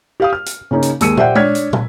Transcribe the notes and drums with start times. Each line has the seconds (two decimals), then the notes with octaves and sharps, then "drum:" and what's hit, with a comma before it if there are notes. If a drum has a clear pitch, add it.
0.20 G4 F5 D#6
0.33 F6
0.46 drum: hi-hat
0.71 C#3 A#3 C#4 D#4
0.83 drum: hi-hat
1.01 D#2 G#3 E6 C#7 D#7, drum: hi-hat
1.17 G4 C5 D5 E5 F#5 G5, drum: tom
1.35 D4 C#5 F6 G#6 B6, drum: tom G#3
1.55 drum: hi-hat
1.73 drum: tom